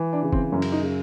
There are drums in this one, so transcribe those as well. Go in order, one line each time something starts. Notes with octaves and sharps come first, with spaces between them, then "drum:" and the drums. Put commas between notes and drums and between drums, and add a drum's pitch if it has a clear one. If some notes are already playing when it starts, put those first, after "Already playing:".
Already playing: E3
D4
C#3
C4, drum: kick F1
F#2 C#4
drum: cymbal
D#4
C#3